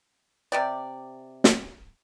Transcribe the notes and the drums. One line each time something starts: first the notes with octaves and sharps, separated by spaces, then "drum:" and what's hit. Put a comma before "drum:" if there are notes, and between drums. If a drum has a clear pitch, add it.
C3 G4 D5
drum: snare